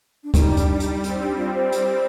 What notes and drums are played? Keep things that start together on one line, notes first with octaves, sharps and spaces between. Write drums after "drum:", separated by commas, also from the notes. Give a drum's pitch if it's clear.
D4
G3 D#4, drum: kick D2, hi-hat
D4, drum: hi-hat
D#4, drum: hi-hat
C4, drum: hi-hat
D4
C4 F4
C5
drum: hi-hat